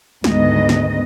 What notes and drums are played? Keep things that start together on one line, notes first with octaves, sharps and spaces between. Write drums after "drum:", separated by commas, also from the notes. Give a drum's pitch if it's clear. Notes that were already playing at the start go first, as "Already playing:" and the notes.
D2 G#2 D#3 B3 D#5, drum: snare
drum: snare